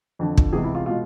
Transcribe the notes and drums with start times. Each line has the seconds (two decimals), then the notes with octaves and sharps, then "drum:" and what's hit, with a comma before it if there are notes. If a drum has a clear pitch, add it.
0.19 F2 D3 F3
0.37 drum: kick
0.53 E2 C3 G#3 G#4
0.64 E4
0.75 F4
0.86 B2 G#3 F4